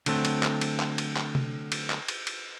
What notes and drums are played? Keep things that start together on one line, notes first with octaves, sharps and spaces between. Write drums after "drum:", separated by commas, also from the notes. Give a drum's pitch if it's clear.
D3 F#3 A3 C4, drum: cymbal
drum: cymbal
drum: clap
drum: cymbal
drum: clap
drum: cymbal
drum: clap
drum: tom C3
drum: cymbal
drum: clap
drum: cymbal
drum: cymbal